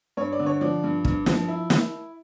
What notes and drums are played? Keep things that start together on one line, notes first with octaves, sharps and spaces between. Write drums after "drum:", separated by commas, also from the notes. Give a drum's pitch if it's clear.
G2 C#5
D5
D3
C#5
F3 D5
G2
G2, drum: kick
F3, drum: snare
E4
drum: snare